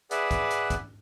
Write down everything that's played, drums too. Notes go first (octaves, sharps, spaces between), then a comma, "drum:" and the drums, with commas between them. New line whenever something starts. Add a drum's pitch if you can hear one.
G#4 B4 D5 E5 F#5, drum: hi-hat
drum: kick, hi-hat
drum: hi-hat
drum: kick, hi-hat